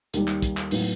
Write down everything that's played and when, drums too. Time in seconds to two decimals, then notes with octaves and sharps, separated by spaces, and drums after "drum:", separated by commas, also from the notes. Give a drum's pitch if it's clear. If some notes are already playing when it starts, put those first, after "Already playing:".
0.14 D#2 D#3 G3, drum: hi-hat
0.28 drum: clap
0.42 drum: kick, hi-hat
0.57 drum: clap
0.71 A2 F#3 B3 D#4, drum: open hi-hat